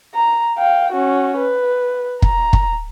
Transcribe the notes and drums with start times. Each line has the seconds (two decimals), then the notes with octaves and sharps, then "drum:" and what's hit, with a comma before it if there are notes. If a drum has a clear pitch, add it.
0.14 A#5
0.59 F5 G5
0.92 C#4 F#4
1.38 B4
2.22 A#5, drum: kick
2.53 drum: kick